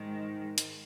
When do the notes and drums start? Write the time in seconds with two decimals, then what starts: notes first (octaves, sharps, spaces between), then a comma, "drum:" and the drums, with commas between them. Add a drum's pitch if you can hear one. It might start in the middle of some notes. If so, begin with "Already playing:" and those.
Already playing: G#2 D#3 G#3
0.58 drum: hi-hat